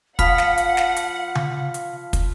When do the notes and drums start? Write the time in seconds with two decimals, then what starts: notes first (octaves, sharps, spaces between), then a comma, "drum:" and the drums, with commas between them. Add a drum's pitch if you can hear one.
0.19 F3 F5 F#5 B5 F6 B6, drum: kick, hi-hat
0.38 drum: snare
0.58 drum: hi-hat
0.77 drum: snare
0.96 drum: hi-hat
1.35 drum: tom C#3
1.74 drum: hi-hat
2.13 drum: kick, hi-hat